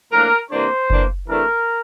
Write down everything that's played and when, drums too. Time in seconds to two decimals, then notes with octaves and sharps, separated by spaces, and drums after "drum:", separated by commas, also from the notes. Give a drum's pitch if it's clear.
0.12 A2 F3 A#3 D4 A#4
0.51 C3 E3 A#3 D4 C5
0.90 E3 A#3 D4, drum: kick F#1
1.28 C3 E3 A3 D4 A#4